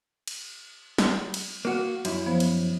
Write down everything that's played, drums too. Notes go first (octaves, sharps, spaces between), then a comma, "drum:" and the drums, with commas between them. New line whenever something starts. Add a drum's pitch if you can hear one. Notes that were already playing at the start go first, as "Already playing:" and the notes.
drum: cymbal
drum: snare
drum: cymbal
A#3 F#4
F#2 E4, drum: cymbal
F3 B3 C5
drum: cymbal